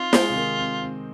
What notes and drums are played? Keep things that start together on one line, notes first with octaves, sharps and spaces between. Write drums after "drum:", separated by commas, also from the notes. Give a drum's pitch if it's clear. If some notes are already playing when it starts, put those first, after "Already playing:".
Already playing: C4 D#4 F4
G#3, drum: snare
C3
D#3
C4
C4